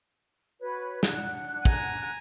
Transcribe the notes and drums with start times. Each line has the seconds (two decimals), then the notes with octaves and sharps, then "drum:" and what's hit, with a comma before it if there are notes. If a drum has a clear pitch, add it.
0.60 F#4 B4 C#5
1.03 D4 F#5 F#6, drum: snare
1.65 G#5 A#5, drum: kick